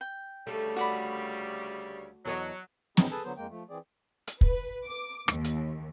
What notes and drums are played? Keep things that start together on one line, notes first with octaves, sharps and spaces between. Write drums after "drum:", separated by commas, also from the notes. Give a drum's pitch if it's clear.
G5
D2 C#3 G3 A3
F#4 D5 B5
E2 F#3 A4 D#5
F#3 B3 C4 E4 G#4 D#5, drum: snare
G#4 A4 B4 G#5 A5
D3 F#3 B3 C5
F2 G#3 A#3 G5
F3 A3
E3 C4 G#4 D5
drum: hi-hat
B4, drum: kick
D6
D#2, drum: rim click
drum: hi-hat